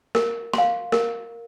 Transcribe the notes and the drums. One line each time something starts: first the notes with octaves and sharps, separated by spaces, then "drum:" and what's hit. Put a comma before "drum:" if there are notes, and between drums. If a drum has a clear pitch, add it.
A#4, drum: snare
F5 C6, drum: snare
A#4, drum: snare